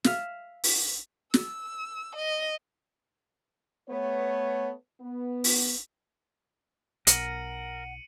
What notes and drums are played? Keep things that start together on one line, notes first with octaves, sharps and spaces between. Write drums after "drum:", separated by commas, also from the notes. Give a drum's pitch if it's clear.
E5 F5, drum: snare
drum: open hi-hat
E6, drum: snare
D#5
A3 B3 C#5
B3
drum: open hi-hat
B1 A#4 F#5 C#7 D#7 F#7, drum: hi-hat